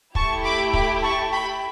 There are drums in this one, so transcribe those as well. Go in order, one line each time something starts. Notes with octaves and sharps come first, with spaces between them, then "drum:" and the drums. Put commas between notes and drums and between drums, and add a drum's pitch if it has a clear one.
A3 E4 G4 A5 C#6, drum: kick
B5 D6
B5 D6, drum: kick
A5 C#6
G5 B5